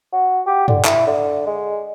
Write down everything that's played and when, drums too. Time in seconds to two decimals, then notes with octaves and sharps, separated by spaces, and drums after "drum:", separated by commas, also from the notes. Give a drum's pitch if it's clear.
0.13 F#4
0.47 G4
0.68 D3, drum: tom F#2
0.85 E4, drum: clap
1.07 D3
1.47 G#3